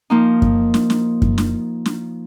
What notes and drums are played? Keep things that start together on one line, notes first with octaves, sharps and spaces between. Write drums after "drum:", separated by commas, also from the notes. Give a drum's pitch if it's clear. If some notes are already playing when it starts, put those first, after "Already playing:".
F3 A#3 D#4
drum: kick F#2
drum: snare
drum: snare
drum: kick F#2
drum: snare
drum: snare